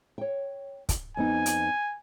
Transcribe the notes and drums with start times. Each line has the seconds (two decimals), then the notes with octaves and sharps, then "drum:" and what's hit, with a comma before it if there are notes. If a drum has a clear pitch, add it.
0.18 C#5 G5
0.89 drum: kick, hi-hat
1.17 F2 B3 D#4 G#5
1.46 drum: hi-hat